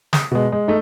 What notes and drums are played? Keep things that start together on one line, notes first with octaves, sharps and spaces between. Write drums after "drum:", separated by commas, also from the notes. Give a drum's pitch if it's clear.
D#6, drum: snare
B2 G#3
G#3
A3 D#4